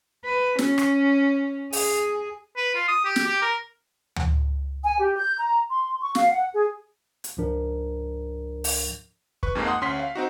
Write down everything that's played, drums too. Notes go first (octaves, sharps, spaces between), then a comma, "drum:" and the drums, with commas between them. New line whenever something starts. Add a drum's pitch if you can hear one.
B4
C#4, drum: snare
drum: rim click
G#4, drum: open hi-hat
B4
F4
D#6
G4
drum: snare
G4
A#4
drum: tom D2
G#5
G4
G6
A#5
C6
C#6
F5, drum: snare
F#5
G#4
drum: hi-hat
C#2 G#2 F3 D4 A#4
drum: open hi-hat
B4 C#6, drum: kick
F2 G#2 G#3 A#3
F#5 C6 D#6
D2 C#4 C6 B6
F5
C4 D#4 F#4